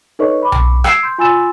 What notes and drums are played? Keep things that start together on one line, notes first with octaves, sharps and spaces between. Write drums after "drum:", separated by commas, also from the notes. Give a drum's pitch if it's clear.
D#4 A4 B4 C#5 D#5 C#6
B5 D6
drum: tom B1
E6 G#6 C7 D7 E7, drum: rim click
C6 G6
F4 G#5 C6 E6 A6 E7